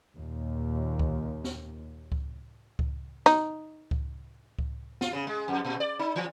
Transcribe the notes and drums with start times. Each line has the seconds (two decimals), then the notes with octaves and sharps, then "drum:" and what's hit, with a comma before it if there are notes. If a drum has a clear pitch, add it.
0.15 D#2 A#2
0.99 drum: kick C#2
1.44 drum: snare
2.12 drum: kick C#2
2.79 drum: kick C#2
3.26 D#4, drum: snare
3.91 drum: kick C#2
4.59 drum: kick C#2
5.01 F4, drum: snare
5.13 C#3
5.27 G#3
5.48 F2
5.65 A#2
5.80 D5
5.99 D#4
6.16 E3